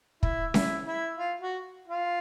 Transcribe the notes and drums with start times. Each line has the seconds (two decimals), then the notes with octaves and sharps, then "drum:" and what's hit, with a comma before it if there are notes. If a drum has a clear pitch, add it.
0.23 E4, drum: kick
0.54 E4, drum: snare C#4
0.86 E4
1.17 F4
1.41 F#4
1.88 F4